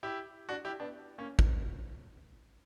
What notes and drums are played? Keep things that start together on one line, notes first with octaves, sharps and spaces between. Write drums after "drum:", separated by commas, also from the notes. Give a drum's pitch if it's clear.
E4 G4
D4 F#4
E4 G4
B3 D4
A#3 C#4
drum: kick